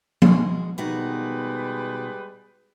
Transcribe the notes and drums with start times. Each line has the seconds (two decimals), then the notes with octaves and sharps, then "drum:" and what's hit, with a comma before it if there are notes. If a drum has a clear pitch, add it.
0.22 G#3 F#4, drum: tom F3
0.78 B2 D#3 G3 G#3 F#4 B4